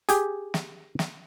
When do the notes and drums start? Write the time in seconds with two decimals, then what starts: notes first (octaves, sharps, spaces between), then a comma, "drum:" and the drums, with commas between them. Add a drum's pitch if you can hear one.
0.09 G4 G#4, drum: hi-hat
0.54 drum: snare
0.99 drum: snare